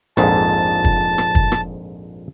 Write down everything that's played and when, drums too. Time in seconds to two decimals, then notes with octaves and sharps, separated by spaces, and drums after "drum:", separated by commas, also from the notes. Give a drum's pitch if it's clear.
0.17 A#1 F2 G#2 A5, drum: rim click
0.84 drum: kick
1.18 drum: rim click
1.35 drum: kick
1.52 drum: rim click